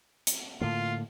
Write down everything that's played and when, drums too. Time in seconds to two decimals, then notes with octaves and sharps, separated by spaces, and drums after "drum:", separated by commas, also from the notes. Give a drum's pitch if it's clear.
0.27 drum: hi-hat
0.61 A2 D3 A#3 F4